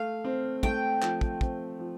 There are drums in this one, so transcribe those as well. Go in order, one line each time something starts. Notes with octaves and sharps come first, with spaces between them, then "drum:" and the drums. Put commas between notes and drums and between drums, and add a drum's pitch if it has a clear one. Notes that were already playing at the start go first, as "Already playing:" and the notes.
Already playing: A3 F5
C4
A3 G5, drum: kick
F3, drum: clap
drum: kick
C4, drum: kick
F3